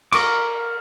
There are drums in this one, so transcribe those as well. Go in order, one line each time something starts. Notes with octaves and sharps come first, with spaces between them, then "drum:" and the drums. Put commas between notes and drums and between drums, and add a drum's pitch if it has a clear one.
A#4 C#6 D6, drum: cymbal